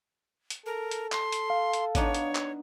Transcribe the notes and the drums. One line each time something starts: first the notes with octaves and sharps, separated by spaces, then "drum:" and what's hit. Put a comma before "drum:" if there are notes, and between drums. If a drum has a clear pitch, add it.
drum: hi-hat
A4 A#4
drum: hi-hat
C6, drum: clap
drum: hi-hat
F5
drum: hi-hat
B3 D4 D#4 C#5, drum: kick G#1, hi-hat
drum: hi-hat
drum: clap